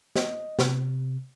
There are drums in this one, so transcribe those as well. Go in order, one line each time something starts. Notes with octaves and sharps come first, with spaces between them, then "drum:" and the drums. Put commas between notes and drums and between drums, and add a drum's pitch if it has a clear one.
D#5, drum: snare
C3, drum: snare